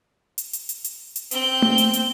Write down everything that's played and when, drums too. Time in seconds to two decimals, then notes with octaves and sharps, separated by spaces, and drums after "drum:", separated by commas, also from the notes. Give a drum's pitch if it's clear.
0.38 drum: hi-hat
0.53 drum: hi-hat
0.69 drum: hi-hat
0.84 drum: hi-hat
1.16 drum: hi-hat
1.31 C4 G6, drum: hi-hat
1.62 drum: tom A3
1.78 drum: hi-hat
1.93 drum: hi-hat